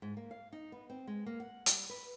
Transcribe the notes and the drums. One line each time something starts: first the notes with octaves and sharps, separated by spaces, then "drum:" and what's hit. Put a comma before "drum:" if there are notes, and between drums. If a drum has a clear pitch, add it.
G#2
A#3
F5
D#4
B3
C4
G#3
A#3
F#5
G3, drum: hi-hat
B4